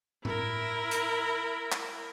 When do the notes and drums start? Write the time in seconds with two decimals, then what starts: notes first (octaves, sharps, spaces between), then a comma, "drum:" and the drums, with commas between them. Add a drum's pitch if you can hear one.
0.25 E4 A#4, drum: tom A2
0.91 drum: hi-hat
1.72 drum: clap